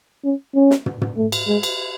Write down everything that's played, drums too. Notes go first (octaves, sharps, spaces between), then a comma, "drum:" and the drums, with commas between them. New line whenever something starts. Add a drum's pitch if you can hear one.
C#4
C#4
drum: snare
drum: tom
drum: tom
A3
drum: cymbal
G#3
drum: cymbal